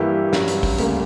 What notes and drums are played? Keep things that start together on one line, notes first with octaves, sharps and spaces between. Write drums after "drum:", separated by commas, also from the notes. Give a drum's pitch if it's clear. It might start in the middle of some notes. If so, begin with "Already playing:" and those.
Already playing: G2 E3 A#3 E4 G4
G2 F#3 C#4, drum: snare
drum: hi-hat
drum: kick, open hi-hat
D2 C#3 G3 A#3, drum: hi-hat